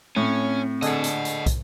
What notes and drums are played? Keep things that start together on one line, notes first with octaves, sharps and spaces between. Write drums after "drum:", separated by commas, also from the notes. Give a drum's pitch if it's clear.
A2 C4 C#4
D3 G#4 A4 D#5 F#5, drum: hi-hat
drum: hi-hat
drum: hi-hat
drum: kick, hi-hat